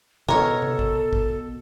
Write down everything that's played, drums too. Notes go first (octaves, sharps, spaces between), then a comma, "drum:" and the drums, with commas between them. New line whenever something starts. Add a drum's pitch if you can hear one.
B2 A4 A#4 C#5
drum: tom C3
drum: kick
drum: kick